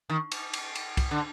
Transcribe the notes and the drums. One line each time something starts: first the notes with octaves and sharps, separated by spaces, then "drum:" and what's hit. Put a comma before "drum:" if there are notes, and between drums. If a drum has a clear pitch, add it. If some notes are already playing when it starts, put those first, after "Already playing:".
D#3
drum: cymbal
drum: cymbal
drum: cymbal
drum: kick C2, cymbal
D3